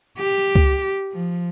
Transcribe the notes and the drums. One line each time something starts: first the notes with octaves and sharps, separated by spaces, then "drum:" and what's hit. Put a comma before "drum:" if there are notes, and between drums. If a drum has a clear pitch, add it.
G4
drum: kick C#2
F3